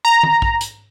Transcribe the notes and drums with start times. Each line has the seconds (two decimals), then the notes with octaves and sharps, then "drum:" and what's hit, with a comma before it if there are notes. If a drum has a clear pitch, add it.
0.05 A#5
0.23 drum: tom
0.42 drum: kick A#1
0.61 drum: hi-hat